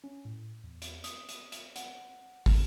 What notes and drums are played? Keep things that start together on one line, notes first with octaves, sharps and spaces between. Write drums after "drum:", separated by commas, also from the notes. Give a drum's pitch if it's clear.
C#4
A2
E2
drum: hi-hat
D#6, drum: hi-hat
drum: hi-hat
drum: hi-hat
F#5, drum: hi-hat
drum: kick, open hi-hat